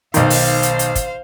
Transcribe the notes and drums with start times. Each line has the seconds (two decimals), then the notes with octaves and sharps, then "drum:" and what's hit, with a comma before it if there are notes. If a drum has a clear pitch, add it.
0.14 B1 D#3 C5 F5, drum: hi-hat
0.30 drum: open hi-hat
0.63 drum: hi-hat
0.79 drum: hi-hat
0.95 drum: kick, hi-hat